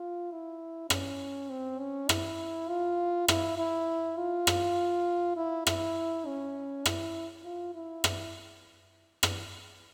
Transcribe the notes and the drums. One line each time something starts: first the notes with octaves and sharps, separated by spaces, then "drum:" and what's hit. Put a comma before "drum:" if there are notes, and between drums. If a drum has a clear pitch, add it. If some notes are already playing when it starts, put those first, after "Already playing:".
Already playing: F4
E4
C#4, drum: rim click
C4
C#4
E4, drum: rim click
F4
E4, drum: rim click
E4
F4
drum: rim click
E4
E4, drum: rim click
C#4
E4, drum: rim click
F4
E4
drum: rim click
drum: rim click